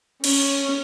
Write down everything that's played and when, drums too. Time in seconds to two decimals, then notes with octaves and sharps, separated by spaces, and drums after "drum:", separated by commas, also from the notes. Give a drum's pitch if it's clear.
0.24 C#4, drum: cymbal